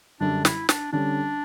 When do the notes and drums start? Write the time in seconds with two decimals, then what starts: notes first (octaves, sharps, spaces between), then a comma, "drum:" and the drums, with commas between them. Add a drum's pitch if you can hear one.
0.20 F#2 D3 G3 D4
0.45 E4, drum: snare
0.69 D4, drum: snare
0.93 D3 G3 C#4 D4